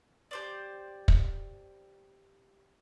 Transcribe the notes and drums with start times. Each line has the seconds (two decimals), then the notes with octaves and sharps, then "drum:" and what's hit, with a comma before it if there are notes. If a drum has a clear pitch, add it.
0.31 G4 C5 D5
1.08 drum: kick